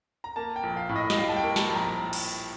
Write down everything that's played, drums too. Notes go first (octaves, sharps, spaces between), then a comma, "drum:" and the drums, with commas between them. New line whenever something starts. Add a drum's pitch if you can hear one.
A#5
A#3 A5
G5
A#1
F5
A2
D#5
D#5, drum: snare
G3 F5
A5
G5
A#3
A5, drum: snare
A#1
A#5
drum: cymbal